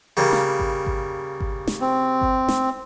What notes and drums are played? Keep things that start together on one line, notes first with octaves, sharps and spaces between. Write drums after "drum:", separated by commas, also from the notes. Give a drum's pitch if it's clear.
C#3 G3 A#3
drum: snare
drum: kick G#1
drum: kick G#1
drum: kick G#1
drum: snare
C4
drum: kick G#1
drum: snare